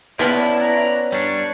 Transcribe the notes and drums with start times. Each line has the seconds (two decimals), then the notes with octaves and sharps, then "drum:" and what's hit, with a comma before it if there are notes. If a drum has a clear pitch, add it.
0.20 B3 C#4 E4 C#5 D5 A5, drum: clap
0.61 A#5 F#6
1.12 G3 D4 C#5